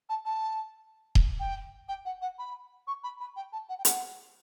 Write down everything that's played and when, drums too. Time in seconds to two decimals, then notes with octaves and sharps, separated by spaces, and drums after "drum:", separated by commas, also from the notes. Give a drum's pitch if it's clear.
0.09 A5
0.25 A5
1.15 drum: kick D#1
1.39 G5
1.88 G5
2.05 F#5
2.21 F#5
2.38 B5
2.87 C#6
3.03 B5
3.20 B5
3.36 G5
3.52 A5
3.69 F#5
3.78 G5
3.85 F#5, drum: hi-hat